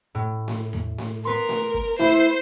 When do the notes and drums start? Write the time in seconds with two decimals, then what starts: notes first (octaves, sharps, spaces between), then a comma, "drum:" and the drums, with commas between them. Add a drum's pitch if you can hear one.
0.15 A2
0.48 drum: snare A3
0.73 drum: tom E2
0.98 drum: snare A3
1.25 B3 A#4 B4 C6
1.49 drum: snare A3
1.74 drum: kick
1.99 E4 C5, drum: snare A3